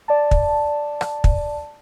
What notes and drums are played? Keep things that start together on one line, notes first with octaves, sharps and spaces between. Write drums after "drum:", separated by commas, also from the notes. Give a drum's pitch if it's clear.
D5 A5
drum: kick
drum: rim click
drum: kick